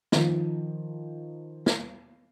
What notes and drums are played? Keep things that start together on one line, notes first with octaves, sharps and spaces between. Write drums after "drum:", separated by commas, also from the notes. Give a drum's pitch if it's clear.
D#3 F3, drum: snare
drum: snare